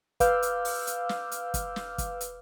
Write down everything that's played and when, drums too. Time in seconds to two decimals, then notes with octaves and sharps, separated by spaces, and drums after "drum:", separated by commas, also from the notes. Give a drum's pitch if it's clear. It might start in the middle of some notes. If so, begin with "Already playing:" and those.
0.20 B4 F5 D6 E6 F6 G6, drum: kick, hi-hat
0.42 drum: hi-hat
0.65 drum: open hi-hat
0.87 drum: hi-hat
1.09 drum: snare
1.32 drum: hi-hat
1.54 drum: kick, hi-hat
1.76 drum: snare
1.98 drum: kick, hi-hat
2.21 drum: hi-hat